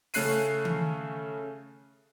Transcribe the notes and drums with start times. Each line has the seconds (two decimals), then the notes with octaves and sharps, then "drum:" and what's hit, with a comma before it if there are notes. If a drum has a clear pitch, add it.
0.14 C#3 A3 C#4 F#6 C7 D#7, drum: open hi-hat
0.65 drum: tom D#3